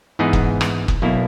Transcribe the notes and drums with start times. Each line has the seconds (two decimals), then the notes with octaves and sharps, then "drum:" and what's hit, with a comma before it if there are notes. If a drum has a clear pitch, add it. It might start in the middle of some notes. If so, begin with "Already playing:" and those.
0.19 G#2 E3 B3 D#4 G#4
0.33 drum: kick
0.61 drum: rim click
0.88 drum: kick
1.02 B1 B2 A#3 E4